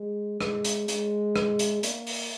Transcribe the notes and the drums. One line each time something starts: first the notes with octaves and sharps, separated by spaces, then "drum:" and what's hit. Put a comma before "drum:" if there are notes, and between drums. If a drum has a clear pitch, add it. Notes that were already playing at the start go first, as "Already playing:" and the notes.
Already playing: G#3
G#3, drum: rim click
drum: hi-hat
G#3, drum: hi-hat
drum: rim click
drum: hi-hat
A#3, drum: hi-hat
drum: open hi-hat